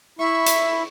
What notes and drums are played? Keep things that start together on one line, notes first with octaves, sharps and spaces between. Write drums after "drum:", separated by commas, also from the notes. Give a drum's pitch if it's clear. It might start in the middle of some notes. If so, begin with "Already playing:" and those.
E4 E5 C#6
drum: hi-hat